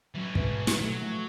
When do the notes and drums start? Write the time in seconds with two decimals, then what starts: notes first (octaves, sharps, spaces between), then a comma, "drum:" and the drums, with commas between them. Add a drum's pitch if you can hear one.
0.15 E3 F#3 C#4
0.35 G#2 B2 B4 E5, drum: kick
0.67 G4, drum: snare
0.81 B2 F#3 A3
1.00 A2 E3 F3 A3